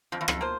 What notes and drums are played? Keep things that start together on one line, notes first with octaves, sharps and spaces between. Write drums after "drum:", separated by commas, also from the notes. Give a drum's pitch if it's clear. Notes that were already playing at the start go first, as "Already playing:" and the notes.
F2 F3
E2
F2, drum: rim click
A#3 F4 C5